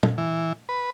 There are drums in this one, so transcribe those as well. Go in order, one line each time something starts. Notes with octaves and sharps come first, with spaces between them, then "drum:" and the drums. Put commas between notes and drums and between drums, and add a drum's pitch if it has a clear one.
drum: tom
E3
B4